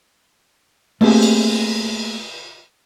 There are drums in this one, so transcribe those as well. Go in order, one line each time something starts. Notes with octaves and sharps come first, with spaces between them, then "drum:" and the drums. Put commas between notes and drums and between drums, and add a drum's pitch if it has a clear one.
A3 A#3 C4 G4 G#4, drum: cymbal
drum: cymbal